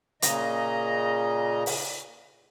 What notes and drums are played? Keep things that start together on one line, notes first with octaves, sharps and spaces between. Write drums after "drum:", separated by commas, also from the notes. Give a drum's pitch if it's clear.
A#2 C#3 D#5 A#5, drum: hi-hat
drum: open hi-hat